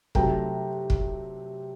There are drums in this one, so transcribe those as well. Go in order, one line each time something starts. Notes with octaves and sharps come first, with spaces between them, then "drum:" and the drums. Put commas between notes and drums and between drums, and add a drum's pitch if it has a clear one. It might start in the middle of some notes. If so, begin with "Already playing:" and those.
C3 F#3 A3 G5 A#5, drum: kick
drum: kick